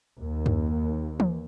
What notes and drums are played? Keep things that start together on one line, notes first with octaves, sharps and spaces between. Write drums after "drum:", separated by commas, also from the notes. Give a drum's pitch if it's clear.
D#2
drum: tom F#2
drum: tom E3